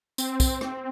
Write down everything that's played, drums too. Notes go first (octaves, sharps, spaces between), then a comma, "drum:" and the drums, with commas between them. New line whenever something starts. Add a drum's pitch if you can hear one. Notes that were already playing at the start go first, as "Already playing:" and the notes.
C4, drum: tambourine
drum: kick, tambourine
drum: rim click